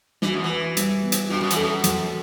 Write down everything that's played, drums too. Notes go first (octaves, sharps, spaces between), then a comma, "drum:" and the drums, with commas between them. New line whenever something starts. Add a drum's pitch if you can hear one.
E3 F#4, drum: snare
F#2
E3
B4
G3, drum: hi-hat
B3
drum: hi-hat
G2 F#4
F#2
E3, drum: hi-hat
F#2 A4
F#3, drum: hi-hat